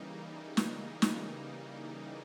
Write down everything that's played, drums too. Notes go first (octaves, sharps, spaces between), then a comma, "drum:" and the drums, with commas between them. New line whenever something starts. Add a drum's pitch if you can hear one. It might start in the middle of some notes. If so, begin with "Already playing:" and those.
Already playing: C#3 E3 G3 A#3 D#4
drum: snare
drum: snare